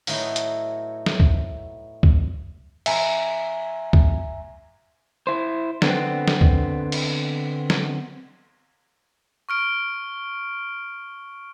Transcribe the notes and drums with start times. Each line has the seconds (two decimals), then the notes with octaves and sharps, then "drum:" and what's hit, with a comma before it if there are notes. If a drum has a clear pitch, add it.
0.07 A2 F#3 A3 B3 D#4 E4, drum: open hi-hat
0.36 drum: hi-hat
1.06 drum: snare
1.20 drum: kick
2.03 drum: kick
2.86 E5 G#5 A#5, drum: cymbal
3.93 drum: kick
5.27 E4 C5
5.82 D3 B3 C4, drum: snare
6.28 drum: snare
6.41 drum: kick
6.92 drum: cymbal
7.70 drum: snare
9.49 C#6 F6 D7